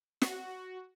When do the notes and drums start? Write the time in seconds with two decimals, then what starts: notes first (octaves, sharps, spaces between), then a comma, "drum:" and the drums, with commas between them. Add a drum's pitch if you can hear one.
0.22 F#4, drum: snare